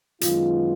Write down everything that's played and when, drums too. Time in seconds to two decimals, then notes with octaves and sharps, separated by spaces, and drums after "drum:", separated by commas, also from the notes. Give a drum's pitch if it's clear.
0.21 F#2 D#3 G#3 B3 F4, drum: hi-hat